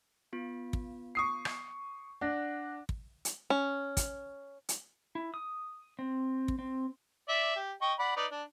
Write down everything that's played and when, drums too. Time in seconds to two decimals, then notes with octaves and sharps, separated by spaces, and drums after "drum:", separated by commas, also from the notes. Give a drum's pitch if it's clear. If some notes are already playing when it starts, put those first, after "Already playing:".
0.33 B3 F4
0.73 drum: kick
1.15 C#6 D#6 C7
1.45 drum: rim click
2.21 D4 F#5 F#6 A#6
2.89 drum: kick
3.25 drum: hi-hat
3.50 C#4
3.97 drum: kick, hi-hat
4.69 drum: hi-hat
5.15 E4
5.34 D#6
5.99 C4
6.48 drum: kick
6.59 C4
7.29 D5 E5
7.56 G4
7.82 D#5 G5 C#6
7.99 D5 F#5 B5
8.17 D#4 B4 D5
8.32 D4